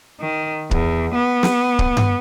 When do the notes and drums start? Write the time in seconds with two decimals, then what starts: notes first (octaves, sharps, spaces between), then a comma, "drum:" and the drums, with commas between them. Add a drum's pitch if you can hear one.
0.20 D#3
0.71 E2, drum: kick C#1
1.15 B3
1.43 drum: snare
1.79 drum: kick C#1
1.97 drum: tom G2